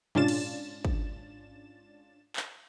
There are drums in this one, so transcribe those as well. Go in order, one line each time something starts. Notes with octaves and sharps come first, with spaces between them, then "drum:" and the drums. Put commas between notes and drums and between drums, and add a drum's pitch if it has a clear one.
G#2 C#4 D4 F4 A6 E7, drum: tom
drum: cymbal
drum: kick
drum: clap